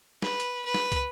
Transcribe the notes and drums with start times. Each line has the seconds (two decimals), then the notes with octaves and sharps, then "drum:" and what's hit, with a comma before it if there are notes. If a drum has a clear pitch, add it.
0.22 B4, drum: snare
0.40 drum: hi-hat
0.65 B4
0.74 drum: snare
0.92 drum: kick, hi-hat